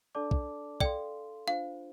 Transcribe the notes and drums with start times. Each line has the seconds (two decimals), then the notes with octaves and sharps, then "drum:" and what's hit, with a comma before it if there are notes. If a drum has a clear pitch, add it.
0.15 D4 A4 D5 A5 D6
0.31 drum: kick
0.80 A4 D5 F5 G5 C6, drum: kick
1.47 D4 F4 C5 F5